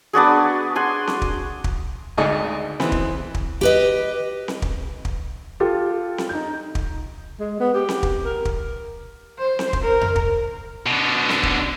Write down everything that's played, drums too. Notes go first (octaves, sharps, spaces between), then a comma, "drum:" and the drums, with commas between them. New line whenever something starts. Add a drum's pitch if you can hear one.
B3 D4 F#4 G#4
F#5 G#5 C6
drum: snare C4
drum: kick
drum: kick
G#1 D2 G#2 G#4 D5 D#5
E3 B3 C4, drum: snare C4
drum: kick
drum: kick
G4 B4 D#5
drum: snare C4
drum: kick
drum: kick
F4 G4 A4
drum: snare C4
D#4 G6
drum: kick
G#3
B3
G4
drum: snare C4
drum: kick
A#4
drum: kick
C5
drum: snare C4
drum: kick
A#4
drum: tom F2
drum: kick
B2 D3
drum: snare C4
drum: kick